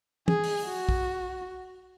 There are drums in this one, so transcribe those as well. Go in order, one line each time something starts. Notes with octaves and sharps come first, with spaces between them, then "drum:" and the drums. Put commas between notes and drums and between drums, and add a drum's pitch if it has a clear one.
G#4, drum: tom
drum: open hi-hat
F#4
drum: kick